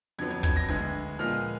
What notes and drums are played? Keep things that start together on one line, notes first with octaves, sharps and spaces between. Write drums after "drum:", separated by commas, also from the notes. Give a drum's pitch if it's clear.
F2 D3 F#3 B3 G#6
G#6
G#6, drum: kick
A#6
D2 D3 G#3 B3 G#6
A#2 F3 G#3 B3 F6